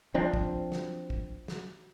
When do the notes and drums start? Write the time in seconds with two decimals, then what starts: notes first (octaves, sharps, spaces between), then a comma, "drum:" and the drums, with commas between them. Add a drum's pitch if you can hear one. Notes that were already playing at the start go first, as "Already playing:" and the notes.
0.14 F3 C4 D4
0.34 drum: kick
0.72 drum: snare
1.10 drum: kick
1.48 drum: snare